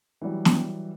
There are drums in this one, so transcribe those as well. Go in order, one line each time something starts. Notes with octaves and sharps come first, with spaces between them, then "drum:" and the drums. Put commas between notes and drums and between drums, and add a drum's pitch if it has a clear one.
E3 F#3 G3
drum: snare